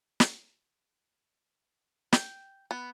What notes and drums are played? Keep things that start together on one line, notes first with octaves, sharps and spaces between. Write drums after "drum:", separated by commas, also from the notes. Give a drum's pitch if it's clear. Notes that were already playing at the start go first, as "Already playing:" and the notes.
drum: snare
G5, drum: snare
B3